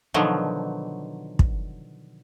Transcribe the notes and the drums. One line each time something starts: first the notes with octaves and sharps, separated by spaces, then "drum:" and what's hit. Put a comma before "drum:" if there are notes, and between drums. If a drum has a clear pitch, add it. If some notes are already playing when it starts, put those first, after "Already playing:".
B2 D3 D#3 F3 F#3
drum: kick